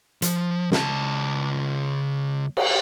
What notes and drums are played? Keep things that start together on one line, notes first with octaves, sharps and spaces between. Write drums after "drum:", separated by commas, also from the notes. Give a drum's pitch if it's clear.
F3, drum: hi-hat
C#2 A5, drum: snare
drum: cymbal